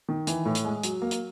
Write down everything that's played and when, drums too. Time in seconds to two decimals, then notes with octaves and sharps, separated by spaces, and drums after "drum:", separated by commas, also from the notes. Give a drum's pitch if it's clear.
0.09 D#3
0.27 E3, drum: hi-hat
0.45 A2
0.55 drum: hi-hat
0.64 G#3
0.83 F#3, drum: hi-hat
1.02 A#3
1.11 drum: hi-hat